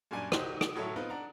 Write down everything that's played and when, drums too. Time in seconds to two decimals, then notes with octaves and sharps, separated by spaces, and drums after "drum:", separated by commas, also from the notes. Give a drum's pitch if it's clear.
0.11 F#2 A#2 G3 D4 G#5 D#7
0.32 D#4 F#4 G4 C5, drum: rim click
0.61 drum: rim click
0.76 A2 F#3 A4 C#5 E5
0.96 B3 C4 D#4 F4 B4
1.10 D4 F#5 A#5